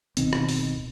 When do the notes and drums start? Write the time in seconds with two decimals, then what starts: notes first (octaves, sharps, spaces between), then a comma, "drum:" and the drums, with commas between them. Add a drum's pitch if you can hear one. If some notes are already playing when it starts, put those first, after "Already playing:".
0.17 D1 B2 D#3 C4, drum: hi-hat
0.33 drum: rim click
0.49 drum: open hi-hat